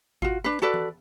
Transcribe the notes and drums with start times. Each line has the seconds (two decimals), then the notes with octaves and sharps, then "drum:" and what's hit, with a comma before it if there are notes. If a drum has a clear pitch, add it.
0.22 F4 F#4, drum: kick G#1
0.44 D4 B4
0.62 F#4 A4 B4 D5
0.74 drum: tom E3